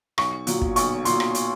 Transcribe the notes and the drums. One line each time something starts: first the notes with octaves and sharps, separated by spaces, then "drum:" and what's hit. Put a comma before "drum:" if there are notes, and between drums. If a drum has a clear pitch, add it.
B1 C#6, drum: rim click
A#2 F#3, drum: hi-hat
drum: kick
B1 C#6, drum: hi-hat
A#2 F#3 C6, drum: hi-hat
drum: rim click
drum: hi-hat